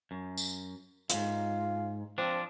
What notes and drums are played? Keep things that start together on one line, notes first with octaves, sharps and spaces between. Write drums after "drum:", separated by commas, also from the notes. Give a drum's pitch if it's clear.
F#2
drum: tambourine
F2 G#2 F4, drum: hi-hat
F3 C4 D4